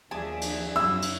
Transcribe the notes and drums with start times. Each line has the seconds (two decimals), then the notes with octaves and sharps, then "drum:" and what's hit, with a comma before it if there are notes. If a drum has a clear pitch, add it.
0.11 D#2 F3 D4 G#4 E5
0.41 drum: cymbal
0.76 F#2 C#3 F#3 E4 E6
1.02 drum: cymbal